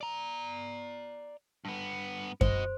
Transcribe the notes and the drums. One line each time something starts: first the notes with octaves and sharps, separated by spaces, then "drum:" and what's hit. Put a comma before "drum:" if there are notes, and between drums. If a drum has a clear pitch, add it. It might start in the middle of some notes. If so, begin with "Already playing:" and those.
D5 A#5
G2 B3
F#4 C5 D#5, drum: kick F#2